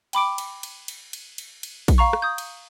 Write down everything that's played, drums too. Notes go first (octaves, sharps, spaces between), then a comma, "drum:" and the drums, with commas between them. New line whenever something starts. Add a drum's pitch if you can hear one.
G5 B5 D6 D7, drum: cymbal
drum: cymbal
drum: cymbal
drum: cymbal
drum: cymbal
drum: cymbal
drum: cymbal
drum: kick A#1, cymbal
F5 A#5 C#6
drum: rim click
D#6 G6
drum: cymbal